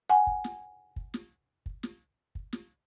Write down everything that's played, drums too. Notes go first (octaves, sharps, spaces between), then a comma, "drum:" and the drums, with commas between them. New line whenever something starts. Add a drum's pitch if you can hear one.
F#5 G#5
drum: kick
drum: snare
drum: kick
drum: snare
drum: kick
drum: snare
drum: kick
drum: snare